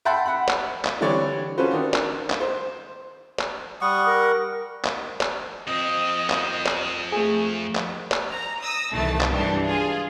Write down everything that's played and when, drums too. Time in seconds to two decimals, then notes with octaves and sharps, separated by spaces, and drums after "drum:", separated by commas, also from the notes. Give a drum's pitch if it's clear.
0.05 E5 F#5 G5 A5 B5 C6
0.26 F#5 B5
0.49 drum: clap
0.85 drum: clap
1.01 D3 E3 G3 C4 C#5 D5
1.58 C#4 F4 F#4 A4 B4 C5
1.71 D#3 D4
1.94 drum: clap
2.30 drum: clap
2.41 C5
3.39 drum: clap
3.81 G3 F#5 C#6 D#6
4.06 A#4
4.85 drum: clap
5.21 drum: clap
5.67 F2 C4 D#5
6.30 drum: clap
6.67 drum: clap
7.12 A3 G#4
7.76 drum: clap
8.12 drum: clap
8.32 A#5
8.62 D#6 E6 A#6
8.93 C2 D#3 E3 A3 A5 A6
9.21 drum: clap
9.30 G2 E3 G#3 D4 G4 A4
9.65 F4 G#4